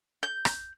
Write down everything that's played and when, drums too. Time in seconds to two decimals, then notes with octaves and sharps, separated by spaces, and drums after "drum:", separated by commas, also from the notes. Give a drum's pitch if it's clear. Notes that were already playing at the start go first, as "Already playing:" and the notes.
0.23 G6
0.45 drum: rim click